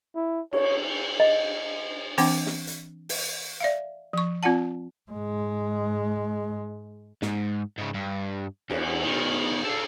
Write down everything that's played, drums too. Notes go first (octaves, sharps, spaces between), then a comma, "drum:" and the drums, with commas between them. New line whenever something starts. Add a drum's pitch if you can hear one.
E4
C#5, drum: cymbal
D#5
E3 C4 D4 F#5 G5 D6, drum: open hi-hat
drum: snare
drum: hi-hat
drum: open hi-hat
D5 E5 F5
F3 C#6
C4 F4 D5 F#5 A5
G#2 G#3
G#2, drum: snare
G#2 C#3
G2
E2, drum: cymbal
B2 D#3
A4 F5